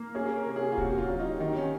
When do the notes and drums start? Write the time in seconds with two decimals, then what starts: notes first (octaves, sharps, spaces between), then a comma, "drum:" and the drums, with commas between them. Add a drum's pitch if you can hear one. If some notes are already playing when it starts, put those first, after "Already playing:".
Already playing: A#3
0.15 C#4 G#4
0.36 A#4
0.46 C3
0.56 G#4
0.72 F4
0.78 C3 F#4, drum: kick D1
0.98 F4
1.09 F#3
1.19 D#4
1.40 D#3 D#4
1.56 C#4